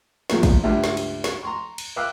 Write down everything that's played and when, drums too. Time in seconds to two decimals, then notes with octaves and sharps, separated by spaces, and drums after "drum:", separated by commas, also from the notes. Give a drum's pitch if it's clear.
0.30 C2 A#2 F3 G#3 A3 B3, drum: snare
0.43 drum: kick, cymbal
0.63 C#2 G2 G3 A3 E4 E5
0.84 drum: snare
0.97 drum: cymbal
1.24 drum: snare
1.43 A#5 C6 C#6
1.78 drum: cymbal
1.96 E5 F5 G5 D6 E6 F#6